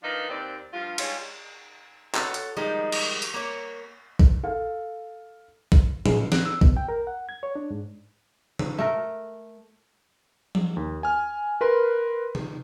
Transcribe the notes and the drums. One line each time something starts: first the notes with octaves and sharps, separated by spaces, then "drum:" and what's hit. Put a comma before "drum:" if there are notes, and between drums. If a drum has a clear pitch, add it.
D#3 F3 D4 D#4 F4 B4
D#2 C4 D5
G2 F3 G3 F4
G3 G#3 D#4 F4 C#5, drum: cymbal
F#4 A4 C5 C#5, drum: clap
drum: hi-hat
D#3 F3 G3 G#3 D#4
drum: cymbal
drum: hi-hat
A#3 C#5
drum: kick
A4 F5
drum: kick
G#4, drum: tom A2
C#3
F#6, drum: snare
E6
B2, drum: kick
G5
A#4
F#5
G#6
C#5
D4
G#2
drum: tom
A3 A#4
drum: tom F3
D#2
G#5 F6
A#4 B4 B5 C6
drum: tom